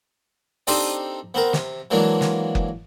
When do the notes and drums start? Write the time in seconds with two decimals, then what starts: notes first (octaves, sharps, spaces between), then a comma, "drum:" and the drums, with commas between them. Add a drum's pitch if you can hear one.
0.67 C4 D4 D#4 G4 A4 C5, drum: open hi-hat
1.34 B3 C4 A#4
1.53 C3, drum: snare
1.91 E3 F#3 G#3 A#3 D4
2.21 drum: snare
2.55 drum: kick F#1